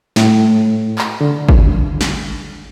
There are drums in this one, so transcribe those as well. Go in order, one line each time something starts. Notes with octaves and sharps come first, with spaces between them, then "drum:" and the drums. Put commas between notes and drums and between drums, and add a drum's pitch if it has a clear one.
A2, drum: snare
drum: clap
D3
drum: kick
drum: snare